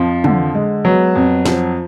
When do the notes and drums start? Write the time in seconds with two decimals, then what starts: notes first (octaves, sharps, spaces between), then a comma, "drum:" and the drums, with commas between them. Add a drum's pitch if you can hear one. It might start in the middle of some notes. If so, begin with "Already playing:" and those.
Already playing: F2 F3
0.24 D3, drum: tom
0.55 G#3
0.85 F#3 B3
1.16 F2
1.46 F3, drum: snare